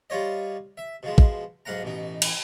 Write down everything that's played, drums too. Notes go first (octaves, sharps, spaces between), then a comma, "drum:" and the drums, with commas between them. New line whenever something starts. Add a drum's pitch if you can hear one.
G3 F4 C#5 D#5
E5
B2 F3 G#3
drum: kick
B1 G#2 F5 F#5 A#5
A1 B2 D#4
drum: cymbal